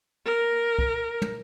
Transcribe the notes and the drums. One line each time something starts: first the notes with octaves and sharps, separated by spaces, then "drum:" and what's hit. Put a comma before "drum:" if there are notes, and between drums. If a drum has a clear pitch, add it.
A#4
drum: kick
drum: tom